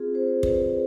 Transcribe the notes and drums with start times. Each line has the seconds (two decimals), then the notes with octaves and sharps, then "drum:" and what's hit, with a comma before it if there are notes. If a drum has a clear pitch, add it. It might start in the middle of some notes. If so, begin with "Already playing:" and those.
Already playing: C4 F4 G#4
0.14 G#4 C5
0.43 B4 D5, drum: kick